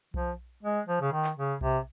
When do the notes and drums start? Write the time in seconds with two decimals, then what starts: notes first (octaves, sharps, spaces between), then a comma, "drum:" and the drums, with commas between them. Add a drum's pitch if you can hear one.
0.14 F3, drum: kick B1
0.63 G#3
0.87 F3
1.01 C#3
1.13 D#3
1.24 drum: clap
1.37 C#3
1.61 C3, drum: kick B1